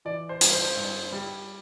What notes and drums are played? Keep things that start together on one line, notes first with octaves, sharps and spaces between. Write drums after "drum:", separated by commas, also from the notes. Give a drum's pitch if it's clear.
E3 D5
C5
G2, drum: hi-hat
C5
G2
G3